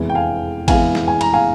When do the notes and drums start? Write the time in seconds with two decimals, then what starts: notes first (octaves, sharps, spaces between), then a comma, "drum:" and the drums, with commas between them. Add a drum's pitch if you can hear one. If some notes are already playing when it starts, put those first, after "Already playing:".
Already playing: F1 E2 E3 G#3
0.10 G5
0.15 F5 G#5
0.68 F1 E2 E3 G#3 F5 G#5, drum: kick, cymbal
0.95 drum: snare
1.08 G#5
1.21 A#5, drum: cymbal
1.34 F5 G#5